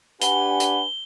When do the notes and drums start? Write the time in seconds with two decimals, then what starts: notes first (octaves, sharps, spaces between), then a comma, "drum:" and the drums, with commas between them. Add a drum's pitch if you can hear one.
0.22 D4 G4 B4 F#5 G#5 G7, drum: hi-hat
0.60 drum: hi-hat